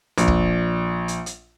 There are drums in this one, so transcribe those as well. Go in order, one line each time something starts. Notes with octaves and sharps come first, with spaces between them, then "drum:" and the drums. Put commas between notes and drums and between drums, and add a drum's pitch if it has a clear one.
A#1, drum: hi-hat
drum: kick
drum: hi-hat
drum: hi-hat